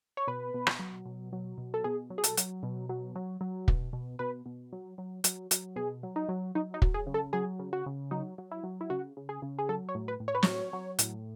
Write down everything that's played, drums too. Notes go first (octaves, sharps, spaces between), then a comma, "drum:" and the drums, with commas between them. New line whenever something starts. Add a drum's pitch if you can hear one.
C#5
B2 B4
B2
drum: rim click
F#3
B2
F#3
B2
A4
B2 G#4
F#3
G#4
A4, drum: hi-hat
F#3, drum: hi-hat
B2
F#3
F#3
F#3
B2, drum: kick
B2
B2 B4
B2
F#3
F#3
F#3, drum: hi-hat
F#3, drum: hi-hat
B2 G#4
F#3
D#4
F#3
F#3 D#4
D#4
F#3, drum: kick
G#4
C#3
A4
F#3 G#4
C#3
F#4
C#3
F#3 D#4
F#3
E4
F#3
E4
C#3 F#4
C#3
G#4
C#3
G#4
F#3 A4
C#5
A2
B4
A2
C#5
B4
F#3 C#5, drum: snare
F#3
A2, drum: hi-hat